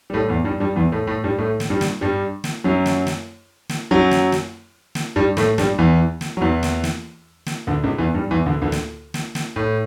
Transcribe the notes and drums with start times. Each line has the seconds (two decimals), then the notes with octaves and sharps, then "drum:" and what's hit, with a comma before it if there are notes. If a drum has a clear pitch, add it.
0.10 G3
0.13 A2 A3
0.28 E2 E3
0.44 G2 G3
0.60 G2 G3
0.76 E2 E3
0.92 A2 A3
1.07 A2 A3
1.24 G2 G3
1.38 A2 A3
1.60 drum: snare
1.70 G2 G3
1.81 drum: snare
2.01 G2 G3
2.44 drum: snare
2.64 F#2 F#3
2.86 drum: snare
3.07 drum: snare
3.69 drum: snare
3.91 F#2 F#3
4.11 drum: snare
4.32 drum: snare
4.95 drum: snare
5.16 G2 G3
5.37 A2 A3, drum: snare
5.58 G2 G3, drum: snare
5.78 E2 E3
6.21 drum: snare
6.37 F#3
6.41 E2 E3
6.63 drum: snare
6.84 drum: snare
7.46 drum: snare
7.67 D2 D3
7.84 C#2 C#3
7.98 E2 E3
8.14 G2 G3
8.31 E2 E3
8.46 D2 D3
8.62 D2 D3
8.72 drum: snare
9.14 drum: snare
9.35 drum: snare
9.56 A2